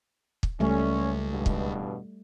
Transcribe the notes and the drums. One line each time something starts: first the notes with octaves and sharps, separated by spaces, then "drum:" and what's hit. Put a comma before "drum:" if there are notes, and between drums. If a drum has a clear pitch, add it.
drum: kick
C#2 G3 A3 C#4
E2 G2 B2
drum: kick